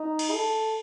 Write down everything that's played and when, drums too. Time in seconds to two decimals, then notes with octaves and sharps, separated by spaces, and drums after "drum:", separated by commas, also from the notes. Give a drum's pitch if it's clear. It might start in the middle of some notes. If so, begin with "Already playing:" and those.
Already playing: D#4
0.19 drum: cymbal
0.32 A4